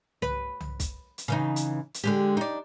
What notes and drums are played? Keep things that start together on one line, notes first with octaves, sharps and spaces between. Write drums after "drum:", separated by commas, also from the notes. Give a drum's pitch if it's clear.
B4, drum: tom C2
drum: tom C2
drum: kick, hi-hat
drum: hi-hat
C#3 E3 D#4
drum: hi-hat
drum: hi-hat
D3 G#3 G4
D4 D#4